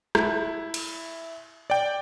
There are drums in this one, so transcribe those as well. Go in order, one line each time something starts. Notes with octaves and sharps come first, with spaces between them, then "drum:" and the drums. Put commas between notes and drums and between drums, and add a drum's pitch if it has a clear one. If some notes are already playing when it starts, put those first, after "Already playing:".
E4, drum: rim click
drum: cymbal
D5 G5